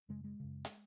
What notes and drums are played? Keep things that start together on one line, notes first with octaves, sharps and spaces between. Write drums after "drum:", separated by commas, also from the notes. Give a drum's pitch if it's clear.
F#2 C#3 G#3
G#3
F#2 C#3
drum: hi-hat